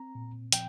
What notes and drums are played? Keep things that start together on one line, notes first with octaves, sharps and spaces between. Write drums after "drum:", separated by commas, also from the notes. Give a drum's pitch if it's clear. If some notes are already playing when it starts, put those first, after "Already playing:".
Already playing: C4 A#5
A#2
F3 G5, drum: hi-hat